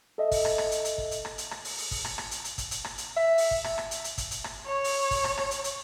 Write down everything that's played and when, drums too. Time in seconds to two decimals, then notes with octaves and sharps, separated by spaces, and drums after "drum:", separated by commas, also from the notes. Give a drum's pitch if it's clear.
0.18 A4 D#5 E5
0.31 drum: kick, open hi-hat
0.45 drum: rim click
0.58 drum: rim click
0.71 drum: hi-hat
0.85 drum: hi-hat
0.98 drum: kick
1.11 drum: hi-hat
1.25 drum: rim click
1.38 drum: hi-hat
1.51 drum: rim click
1.65 drum: open hi-hat
1.78 drum: open hi-hat
1.91 drum: kick, open hi-hat
2.05 drum: rim click
2.18 drum: rim click
2.31 drum: hi-hat
2.45 drum: hi-hat
2.58 drum: kick, hi-hat
2.71 drum: hi-hat
2.84 drum: rim click
2.98 drum: hi-hat
3.17 E5
3.38 drum: open hi-hat
3.51 drum: kick
3.64 drum: rim click
3.78 drum: rim click
3.91 drum: hi-hat
4.04 drum: hi-hat
4.18 drum: kick, hi-hat
4.31 drum: hi-hat
4.44 drum: rim click
4.66 C#5
4.84 drum: open hi-hat
5.11 drum: kick, open hi-hat
5.24 drum: rim click
5.38 drum: rim click
5.51 drum: hi-hat
5.64 drum: hi-hat